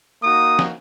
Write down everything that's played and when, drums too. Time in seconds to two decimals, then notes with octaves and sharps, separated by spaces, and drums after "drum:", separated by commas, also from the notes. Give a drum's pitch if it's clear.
0.22 A#3 D#4 F#4 D#6
0.59 drum: snare